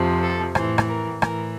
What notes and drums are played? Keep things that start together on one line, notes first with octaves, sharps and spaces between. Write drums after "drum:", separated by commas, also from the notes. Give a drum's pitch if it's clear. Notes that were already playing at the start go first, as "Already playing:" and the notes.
Already playing: F2 C3 F3
A4
A2 E3 C5, drum: rim click
drum: rim click
A#4
A2 E3 A#4, drum: rim click